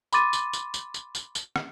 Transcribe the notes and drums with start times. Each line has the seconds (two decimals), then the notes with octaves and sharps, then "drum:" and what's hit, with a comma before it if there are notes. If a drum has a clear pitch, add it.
0.13 B5 C6 D6 A6 D#7, drum: tambourine
0.33 drum: tambourine
0.53 drum: tambourine
0.74 drum: tambourine
0.94 drum: tambourine
1.15 drum: tambourine
1.35 drum: tambourine
1.56 drum: rim click